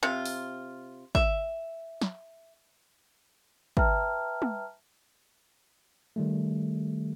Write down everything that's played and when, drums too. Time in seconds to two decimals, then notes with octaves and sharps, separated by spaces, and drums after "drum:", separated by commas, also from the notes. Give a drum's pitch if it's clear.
0.03 C3 F4
0.25 drum: open hi-hat
1.15 E5, drum: kick
2.02 drum: snare
3.77 B4 E5 G5 A5 A#5 F6, drum: kick
4.42 drum: tom
6.16 D#3 G3 A3